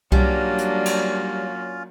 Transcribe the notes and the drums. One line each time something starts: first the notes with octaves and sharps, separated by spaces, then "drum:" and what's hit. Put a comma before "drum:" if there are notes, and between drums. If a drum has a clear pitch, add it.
F#3 G3 A#3 C#4 D4 F4, drum: kick C2
drum: hi-hat
drum: cymbal